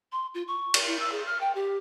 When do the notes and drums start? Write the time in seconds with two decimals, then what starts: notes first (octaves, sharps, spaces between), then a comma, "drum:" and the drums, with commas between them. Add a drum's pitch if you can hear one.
0.12 C6
0.34 F4
0.47 C#6
0.74 drum: cymbal
0.87 E4
0.99 E6
1.12 G#4
1.26 F6
1.41 G5
1.55 G4